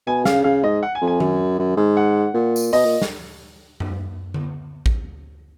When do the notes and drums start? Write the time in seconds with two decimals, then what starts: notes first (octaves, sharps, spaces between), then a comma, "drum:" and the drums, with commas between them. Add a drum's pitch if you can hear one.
0.07 B2 G#5
0.25 C#3 F5, drum: snare
0.44 C#3 F5
0.64 G#2 D#5
0.83 F#5
0.95 G#5
1.02 F2
1.07 G#5
1.20 F#2, drum: tom D#3
1.59 F#2
1.77 G#2
1.97 F#5
2.34 A#2
2.56 drum: tambourine
2.73 B2 D#5, drum: open hi-hat
2.85 A#2
3.02 drum: snare
3.80 drum: tom F#2
4.34 drum: tom D3
4.86 drum: kick A1